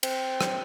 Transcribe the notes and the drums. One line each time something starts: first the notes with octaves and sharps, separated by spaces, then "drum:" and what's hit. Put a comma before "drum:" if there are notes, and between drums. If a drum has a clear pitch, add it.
C4, drum: cymbal
drum: rim click